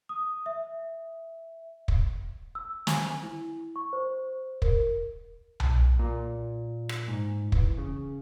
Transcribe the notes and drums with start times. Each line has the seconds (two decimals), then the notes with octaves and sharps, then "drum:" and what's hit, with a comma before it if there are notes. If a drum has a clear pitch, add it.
0.09 D#6
0.46 E5
1.88 drum: kick
2.55 E6
2.87 G#5, drum: snare
3.23 E4
3.76 C#6
3.93 C5
4.62 A#4, drum: kick
5.60 drum: tom B1
5.99 A#2
6.89 drum: rim click
7.08 G#2
7.52 E3, drum: kick
7.78 C#3